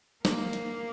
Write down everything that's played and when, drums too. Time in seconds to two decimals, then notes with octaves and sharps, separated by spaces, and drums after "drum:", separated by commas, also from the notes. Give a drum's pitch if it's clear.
0.25 A#3, drum: snare
0.53 drum: hi-hat